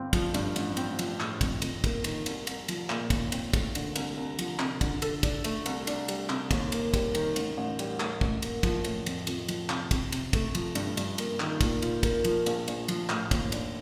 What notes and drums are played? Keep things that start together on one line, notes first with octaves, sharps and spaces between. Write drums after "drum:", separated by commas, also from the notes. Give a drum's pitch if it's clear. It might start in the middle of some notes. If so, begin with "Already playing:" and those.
Already playing: G1 C4
F3, drum: kick, cymbal
G2, drum: cymbal
A1, drum: cymbal
C4, drum: cymbal
F3, drum: cymbal
A2, drum: clap
F2, drum: kick, cymbal
F2, drum: cymbal
A#3, drum: kick, cymbal
D#3, drum: cymbal
C2, drum: cymbal
C2, drum: cymbal
F3, drum: cymbal
A#2, drum: clap
D#2, drum: kick, cymbal
C4, drum: cymbal
A3, drum: kick, cymbal
D3, drum: cymbal
C2, drum: cymbal
C2
F3, drum: cymbal
C3, drum: clap
D3, drum: kick, cymbal
A4, drum: cymbal
D4, drum: kick, cymbal
A3, drum: cymbal
C2, drum: cymbal
D4, drum: cymbal
G3, drum: cymbal
C3, drum: clap
D#2, drum: kick, cymbal
A#3, drum: cymbal
G3, drum: kick, cymbal
D#3, drum: cymbal
A1, drum: cymbal
A1
G3, drum: cymbal
A2, drum: clap
A1, drum: kick
A#3, drum: cymbal
F3, drum: kick, cymbal
A2, drum: cymbal
F2, drum: cymbal
F2, drum: cymbal
F3, drum: cymbal
C3, drum: clap
C3, drum: kick, cymbal
C3, drum: cymbal
A3, drum: kick, cymbal
F3, drum: cymbal
G2, drum: cymbal
G2, drum: cymbal
A#3, drum: cymbal
D#3, drum: clap
A#2, drum: kick, cymbal
F4, drum: cymbal
A#3, drum: kick, cymbal
F3, drum: cymbal
A#1, drum: cymbal
A#1, drum: cymbal
F3, drum: cymbal
A2, drum: clap
D#2, drum: kick, cymbal
D4, drum: cymbal